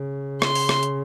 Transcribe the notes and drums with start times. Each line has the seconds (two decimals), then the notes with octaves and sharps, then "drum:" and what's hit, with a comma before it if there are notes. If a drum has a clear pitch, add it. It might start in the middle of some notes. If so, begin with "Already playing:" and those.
Already playing: C#3
0.42 C6, drum: rim click
0.55 drum: open hi-hat
0.69 drum: rim click
0.83 drum: hi-hat